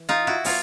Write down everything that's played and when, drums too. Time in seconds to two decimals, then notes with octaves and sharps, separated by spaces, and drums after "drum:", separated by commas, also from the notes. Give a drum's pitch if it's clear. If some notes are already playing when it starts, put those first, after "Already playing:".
Already playing: E3
0.09 D#4 F4
0.27 E4 F#4
0.44 F#3 B3 F4, drum: open hi-hat